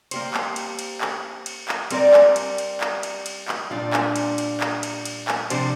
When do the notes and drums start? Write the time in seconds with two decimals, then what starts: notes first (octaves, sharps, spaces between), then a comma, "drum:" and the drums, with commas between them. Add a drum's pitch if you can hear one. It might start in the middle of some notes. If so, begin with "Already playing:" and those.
0.11 A#3 G4 C5, drum: cymbal
0.34 drum: clap
0.56 drum: cymbal
0.79 drum: cymbal
1.01 drum: clap
1.46 drum: cymbal
1.69 drum: clap
1.91 G3 C4 A#4 D5, drum: cymbal
2.13 drum: clap
2.36 drum: cymbal
2.58 drum: cymbal
2.81 drum: clap
3.03 drum: cymbal
3.26 drum: cymbal
3.48 drum: clap
3.71 A#2 G3 D4 F4
3.93 drum: clap
4.16 drum: cymbal
4.38 drum: cymbal
4.61 drum: clap
4.83 drum: cymbal
5.05 drum: cymbal
5.28 drum: clap
5.50 C3 F3 D4 G4 C5, drum: cymbal